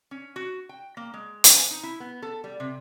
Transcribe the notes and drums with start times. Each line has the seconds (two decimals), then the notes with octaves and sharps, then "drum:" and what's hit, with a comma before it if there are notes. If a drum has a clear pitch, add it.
0.11 C#4
0.36 F#4
0.69 G5
0.97 A#3
1.14 G#3
1.44 drum: hi-hat
1.56 G#5
1.71 D#4
1.83 E4
2.00 B3
2.22 A4
2.44 G3
2.60 C3